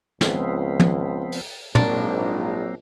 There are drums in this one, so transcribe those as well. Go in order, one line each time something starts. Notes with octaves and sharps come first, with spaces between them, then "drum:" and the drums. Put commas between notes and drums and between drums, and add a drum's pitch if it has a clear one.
C#2 F3 B3 C4, drum: snare
drum: tom
drum: open hi-hat
A#1 G#2 F#3 A#3 C4 D4, drum: tom